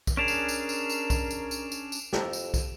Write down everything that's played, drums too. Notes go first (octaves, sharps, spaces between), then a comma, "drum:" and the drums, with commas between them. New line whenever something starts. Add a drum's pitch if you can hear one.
drum: kick, tambourine
C#4 D4 G#4 A#4 D7 E7 F7
drum: tambourine
drum: tambourine
drum: tambourine
drum: tambourine
drum: kick, tambourine
drum: tambourine
drum: tambourine
drum: tambourine
drum: tambourine
F2 G4 A4 A#5, drum: snare
drum: tambourine
drum: kick, tambourine